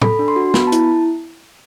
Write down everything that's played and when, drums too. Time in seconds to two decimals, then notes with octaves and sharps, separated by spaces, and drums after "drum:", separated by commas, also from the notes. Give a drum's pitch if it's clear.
0.02 A4 B5, drum: tom A2
0.19 D4
0.28 C6
0.36 F#4
0.54 B3 B5, drum: snare
0.67 A5
0.72 E4, drum: hi-hat